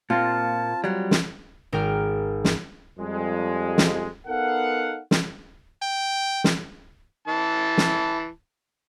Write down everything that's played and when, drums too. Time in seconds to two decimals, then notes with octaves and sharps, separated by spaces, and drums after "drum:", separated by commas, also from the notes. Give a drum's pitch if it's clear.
0.10 A#2 A#3 C4 F4 A5
0.84 F#3 G3
1.11 drum: snare
1.72 G#1 A#4 G5 F6
2.44 drum: snare
2.99 F2 G3 G#3
3.78 drum: snare
4.27 B3 D#4 A4 A#4 F5 F#5
5.11 drum: snare
5.82 G5
6.44 drum: snare
7.28 E3 A5
7.78 drum: snare